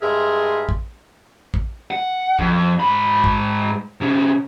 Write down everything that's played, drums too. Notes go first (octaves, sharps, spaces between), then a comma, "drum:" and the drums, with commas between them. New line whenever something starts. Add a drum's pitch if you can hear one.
G2 G#3 G#4 A#4 E5 C6
drum: kick
drum: kick
F#5
F2, drum: kick
G#2 B5
drum: kick
C3 C#4